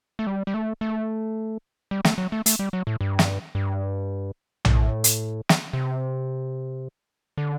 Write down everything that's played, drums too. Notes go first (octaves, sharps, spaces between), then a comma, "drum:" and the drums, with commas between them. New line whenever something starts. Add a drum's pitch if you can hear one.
A3
G3
G3
A3
A3
G3
A3, drum: snare
F#3
A3
A3, drum: hi-hat
G3
F#3
A2
G2
drum: snare
G2
A2, drum: tom A#1
drum: hi-hat
drum: snare
C3
D3